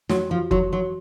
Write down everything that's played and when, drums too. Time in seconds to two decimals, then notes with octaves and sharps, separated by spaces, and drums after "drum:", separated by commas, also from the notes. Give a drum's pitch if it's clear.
0.09 F#3 F#4, drum: snare
0.30 F3 F#4
0.51 F#3 F#4, drum: kick F#1
0.73 F#3 F#4